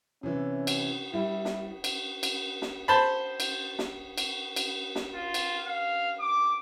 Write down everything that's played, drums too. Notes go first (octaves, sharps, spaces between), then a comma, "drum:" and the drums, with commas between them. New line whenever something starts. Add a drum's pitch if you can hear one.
C3 E3 C#4
drum: cymbal
G3 E4
drum: snare
drum: cymbal
drum: cymbal
drum: snare
C5 A5 B5
drum: cymbal
drum: snare
drum: cymbal
drum: cymbal
drum: snare
F4
drum: cymbal
F5
D6